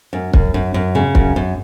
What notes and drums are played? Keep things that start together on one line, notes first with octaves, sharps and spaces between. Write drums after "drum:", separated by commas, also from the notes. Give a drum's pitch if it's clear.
F#2
F#2, drum: kick
F#2
F#2
C#3
F#2, drum: kick
F#2